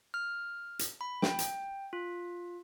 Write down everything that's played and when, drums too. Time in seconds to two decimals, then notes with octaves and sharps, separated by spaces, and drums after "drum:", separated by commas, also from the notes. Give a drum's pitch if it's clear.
0.14 F6
0.79 drum: hi-hat
1.01 B5
1.22 G5, drum: snare
1.39 drum: hi-hat
1.93 F4